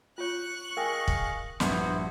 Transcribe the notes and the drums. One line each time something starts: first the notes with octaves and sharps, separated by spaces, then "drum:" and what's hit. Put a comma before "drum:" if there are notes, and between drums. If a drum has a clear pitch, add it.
F4 C#5 C#6 F#6
G#4 A#4 D#5 F5 G5 G#5
drum: kick
A#1 G2 B3 E4 F#4 C5 C6, drum: snare